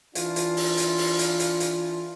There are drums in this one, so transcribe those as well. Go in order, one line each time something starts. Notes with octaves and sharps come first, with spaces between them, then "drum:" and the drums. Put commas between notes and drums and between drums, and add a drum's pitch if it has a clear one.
E3 D4 F4, drum: hi-hat
drum: hi-hat
drum: open hi-hat
drum: hi-hat
drum: open hi-hat
drum: hi-hat
drum: hi-hat
drum: hi-hat